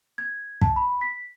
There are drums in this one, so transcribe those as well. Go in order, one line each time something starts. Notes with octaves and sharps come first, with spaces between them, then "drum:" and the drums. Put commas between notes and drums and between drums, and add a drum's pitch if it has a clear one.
G#6
A5, drum: kick
B5
B6